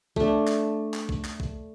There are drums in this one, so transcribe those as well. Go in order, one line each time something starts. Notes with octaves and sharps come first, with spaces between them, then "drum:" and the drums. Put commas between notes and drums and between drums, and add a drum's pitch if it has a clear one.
A3 D4, drum: kick
drum: clap
drum: clap
drum: kick
drum: clap
drum: kick